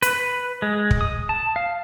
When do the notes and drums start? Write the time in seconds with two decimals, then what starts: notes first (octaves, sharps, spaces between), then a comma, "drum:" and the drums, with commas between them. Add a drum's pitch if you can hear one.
0.02 B4, drum: hi-hat
0.62 G#3
0.91 drum: kick
1.01 D#6
1.29 A5
1.56 F5